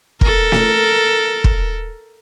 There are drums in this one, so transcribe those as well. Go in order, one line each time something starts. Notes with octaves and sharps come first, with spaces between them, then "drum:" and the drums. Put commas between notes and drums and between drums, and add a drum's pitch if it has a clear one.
A4 A#4, drum: kick
drum: snare
drum: kick